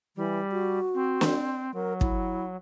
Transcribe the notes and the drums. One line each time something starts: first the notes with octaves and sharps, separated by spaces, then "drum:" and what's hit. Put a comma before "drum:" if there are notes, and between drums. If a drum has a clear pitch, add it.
E3 G3
F#4
C4
drum: snare
F#3 A#4
E4, drum: kick